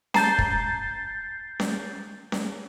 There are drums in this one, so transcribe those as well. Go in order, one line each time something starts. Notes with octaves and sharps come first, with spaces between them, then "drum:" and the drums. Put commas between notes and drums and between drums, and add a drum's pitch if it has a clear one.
A5 A#5 G6 A6 C7, drum: snare C#4
drum: kick
drum: snare C#4
drum: snare C#4